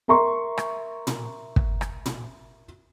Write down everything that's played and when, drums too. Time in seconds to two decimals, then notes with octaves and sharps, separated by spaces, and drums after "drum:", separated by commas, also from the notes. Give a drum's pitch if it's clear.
0.08 A#4 E5 A#5 C6 C#6
0.58 drum: rim click
1.07 drum: tom
1.56 drum: kick
1.81 drum: rim click
2.06 drum: tom